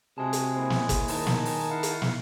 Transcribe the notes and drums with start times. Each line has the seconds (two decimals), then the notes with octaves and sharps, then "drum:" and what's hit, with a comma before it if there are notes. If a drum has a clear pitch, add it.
0.18 C3 G#3 F#4 G#4 A5
0.33 drum: hi-hat
0.56 A#3 E4 C5
0.70 drum: snare
0.89 drum: kick, hi-hat
1.08 D#3 D#4 A5, drum: open hi-hat
1.27 drum: snare
1.45 drum: open hi-hat
1.70 E4 F5 F#5
1.83 drum: hi-hat
2.02 drum: snare